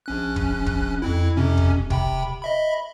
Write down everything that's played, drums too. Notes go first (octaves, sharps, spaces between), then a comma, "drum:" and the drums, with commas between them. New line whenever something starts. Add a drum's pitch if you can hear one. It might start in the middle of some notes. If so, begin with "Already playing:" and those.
A#1 C#4 F#6
drum: kick
drum: kick
F2 C4 E4
F2 C3 C#4
drum: kick
C3 G5 B5, drum: kick
D#5 E5 B5